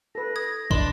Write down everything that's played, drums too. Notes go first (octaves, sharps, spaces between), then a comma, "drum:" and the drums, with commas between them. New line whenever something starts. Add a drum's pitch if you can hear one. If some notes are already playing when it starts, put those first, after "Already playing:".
A4 B4 A#6
D#6 G#6
D4 D#5 B5 C6, drum: kick